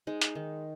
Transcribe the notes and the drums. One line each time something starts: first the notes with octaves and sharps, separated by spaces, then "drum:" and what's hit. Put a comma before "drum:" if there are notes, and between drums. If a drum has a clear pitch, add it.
G#3 D#4
drum: hi-hat
D#3